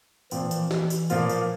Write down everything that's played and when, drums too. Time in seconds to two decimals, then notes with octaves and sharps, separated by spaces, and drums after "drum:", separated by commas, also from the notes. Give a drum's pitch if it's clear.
0.31 A#2 E3 F3 C4, drum: tambourine
0.51 drum: tambourine
0.71 drum: snare
0.90 drum: tambourine
1.10 A#2 F3 A#3 F4, drum: tambourine
1.30 drum: tambourine